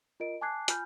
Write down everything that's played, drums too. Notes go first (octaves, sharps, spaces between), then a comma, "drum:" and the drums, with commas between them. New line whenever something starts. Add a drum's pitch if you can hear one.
F4 A#4 D#5 D7
G#5 A5 D6 F#6 G#6 C7
F4 G#5 B5 F6 G6, drum: hi-hat